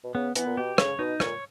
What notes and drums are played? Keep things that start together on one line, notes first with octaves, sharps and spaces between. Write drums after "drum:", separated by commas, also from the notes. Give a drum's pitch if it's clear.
B2
C#3 B3
E3 B3, drum: hi-hat
A#2
B2 G4
C#3 C#5, drum: rim click
B2 D#4
A#2 C#5, drum: rim click